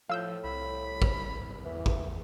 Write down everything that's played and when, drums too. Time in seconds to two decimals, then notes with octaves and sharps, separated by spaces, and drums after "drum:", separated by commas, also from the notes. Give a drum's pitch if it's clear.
0.10 A2 F3 F5 E6 G6
0.44 C2 B5
1.02 drum: kick
1.65 E2 E3
1.86 drum: kick